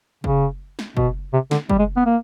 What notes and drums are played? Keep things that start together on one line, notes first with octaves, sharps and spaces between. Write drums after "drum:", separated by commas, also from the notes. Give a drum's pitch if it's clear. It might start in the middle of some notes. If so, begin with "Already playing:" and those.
C#3, drum: kick F#1
drum: snare
B2, drum: kick F#1
C3
D3, drum: snare
G3, drum: kick F#1
G#3
B3
A#3